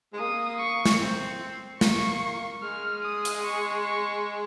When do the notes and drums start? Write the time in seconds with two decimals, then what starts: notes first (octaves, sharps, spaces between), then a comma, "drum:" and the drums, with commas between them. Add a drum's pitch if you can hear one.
0.13 G#3
0.19 A#3 D#6
0.59 C#6
0.86 drum: snare
1.00 C4
1.81 A#3 C#6, drum: snare
2.62 G#3 F6
3.03 D#6
3.25 drum: hi-hat
3.44 C#6
3.84 C#6